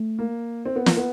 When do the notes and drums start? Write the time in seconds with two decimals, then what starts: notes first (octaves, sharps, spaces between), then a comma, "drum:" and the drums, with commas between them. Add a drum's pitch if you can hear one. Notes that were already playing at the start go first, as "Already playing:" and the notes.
Already playing: A3
0.19 A#3
0.65 C4
0.76 B3
0.86 A#3, drum: snare
0.97 B3